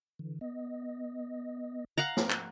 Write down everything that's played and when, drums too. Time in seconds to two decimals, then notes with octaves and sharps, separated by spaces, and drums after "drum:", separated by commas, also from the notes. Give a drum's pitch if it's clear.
0.19 D3 E3
0.41 B3 D#5
1.98 F5 F#5 A#5
2.17 drum: snare
2.30 drum: clap